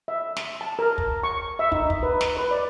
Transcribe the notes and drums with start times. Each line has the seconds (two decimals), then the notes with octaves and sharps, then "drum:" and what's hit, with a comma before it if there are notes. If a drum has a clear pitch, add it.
0.08 E5
0.37 drum: snare
0.61 A5
0.79 A#4
0.98 drum: kick
1.23 C#6
1.59 E5
1.72 D#4, drum: kick
1.90 drum: kick
2.03 B4
2.21 drum: snare
2.37 B4
2.51 D5